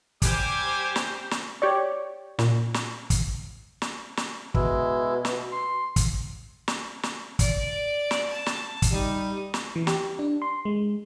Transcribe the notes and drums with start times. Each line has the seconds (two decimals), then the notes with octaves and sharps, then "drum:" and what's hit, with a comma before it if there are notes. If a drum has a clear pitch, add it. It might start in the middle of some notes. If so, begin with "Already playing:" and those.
0.22 G3 G4 C5 G#5 D6, drum: kick, hi-hat
0.96 drum: snare
1.31 drum: snare
1.62 G4 C#5 D5
2.39 A#2, drum: snare
2.74 drum: snare
3.10 drum: kick, hi-hat
3.82 drum: snare
4.17 drum: snare
4.54 B2 G#3 E4, drum: kick
5.25 drum: snare
5.52 C6
5.96 drum: kick, hi-hat
6.68 drum: snare
7.03 drum: snare
7.39 D5, drum: kick, hi-hat
8.11 drum: snare
8.30 A5
8.46 drum: snare
8.82 drum: kick, hi-hat
8.92 G3 D#4
9.54 drum: snare
9.76 E3
9.87 G4, drum: snare
10.19 D4
10.42 C6
10.65 G#3